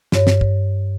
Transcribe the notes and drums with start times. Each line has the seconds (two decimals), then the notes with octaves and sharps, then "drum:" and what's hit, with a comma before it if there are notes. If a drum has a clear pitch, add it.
0.12 G2 C#5, drum: snare
0.27 drum: snare
0.41 drum: kick